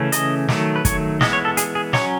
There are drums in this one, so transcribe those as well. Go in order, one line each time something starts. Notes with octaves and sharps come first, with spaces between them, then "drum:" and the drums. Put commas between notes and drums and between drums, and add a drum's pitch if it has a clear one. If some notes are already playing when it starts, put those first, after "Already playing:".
Already playing: C#3 E3 A3 C#4
D#5, drum: hi-hat
D#3 F#3 A3, drum: snare
B4
C#5, drum: kick, hi-hat
E3 G#3 B3 D#5, drum: snare
C#5
A4
G#4, drum: hi-hat
G#4
F#3 C#4 C#5, drum: snare